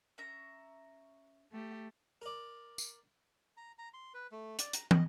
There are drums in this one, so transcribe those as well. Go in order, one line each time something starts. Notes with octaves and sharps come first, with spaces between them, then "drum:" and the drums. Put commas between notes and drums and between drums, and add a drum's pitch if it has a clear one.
C#4 E5 A#5
A3 G4
A#4 D5
drum: tambourine
A#5
A#5
C6
B4
A3
D5, drum: hi-hat
A#5, drum: hi-hat
D#5, drum: tom